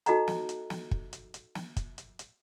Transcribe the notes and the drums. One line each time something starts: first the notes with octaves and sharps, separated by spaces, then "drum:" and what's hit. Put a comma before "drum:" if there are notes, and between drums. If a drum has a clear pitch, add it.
D#4 F#4 A4 D#5 F#5 A#5, drum: hi-hat
drum: snare
drum: hi-hat
drum: snare
drum: kick
drum: hi-hat
drum: hi-hat
drum: snare
drum: kick, hi-hat
drum: hi-hat
drum: hi-hat